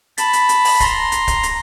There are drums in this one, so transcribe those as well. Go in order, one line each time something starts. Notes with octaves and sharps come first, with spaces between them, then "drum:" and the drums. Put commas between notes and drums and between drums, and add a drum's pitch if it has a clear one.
A5 B5, drum: hi-hat
drum: hi-hat
drum: hi-hat
drum: open hi-hat
A#5 C6, drum: kick C#1, hi-hat
drum: hi-hat
drum: kick C#1, hi-hat
drum: hi-hat